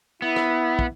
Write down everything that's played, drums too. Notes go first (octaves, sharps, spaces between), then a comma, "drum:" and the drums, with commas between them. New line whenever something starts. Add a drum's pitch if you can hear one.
B3 E4
drum: rim click
drum: kick